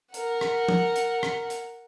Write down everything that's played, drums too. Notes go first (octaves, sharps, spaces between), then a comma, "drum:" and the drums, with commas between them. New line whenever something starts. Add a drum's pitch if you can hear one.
A#4 F#5, drum: hi-hat
drum: rim click
drum: tom
drum: hi-hat
drum: rim click
drum: hi-hat